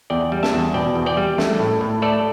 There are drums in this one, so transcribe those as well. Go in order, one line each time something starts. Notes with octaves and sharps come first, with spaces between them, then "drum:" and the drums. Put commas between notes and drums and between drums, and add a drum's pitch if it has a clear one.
E2 D5 G5
G3
E5 A5, drum: snare
E2
B2 D5 G5
E2
D5 G5
G3
A3, drum: snare
A2
A2
A3 A4 D5